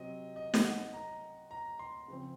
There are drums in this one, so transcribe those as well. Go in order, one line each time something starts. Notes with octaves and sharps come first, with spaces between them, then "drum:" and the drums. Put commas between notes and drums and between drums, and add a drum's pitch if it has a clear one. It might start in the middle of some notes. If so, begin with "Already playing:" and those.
Already playing: C3 F#3 C4 D#5
D#5
drum: snare
F#5
A#5
A#5
C6
C#3 F3 C4